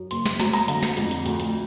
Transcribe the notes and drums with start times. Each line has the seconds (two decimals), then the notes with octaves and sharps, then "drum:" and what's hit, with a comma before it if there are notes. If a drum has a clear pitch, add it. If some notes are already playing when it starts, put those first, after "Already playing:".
Already playing: F#2
0.11 F#1 C6, drum: hi-hat
0.26 drum: snare
0.40 F#3 A#5, drum: snare
0.53 A#5, drum: hi-hat
0.68 D3, drum: hi-hat
0.83 drum: snare
0.97 F2, drum: hi-hat
1.11 drum: hi-hat
1.26 D2, drum: hi-hat
1.40 drum: hi-hat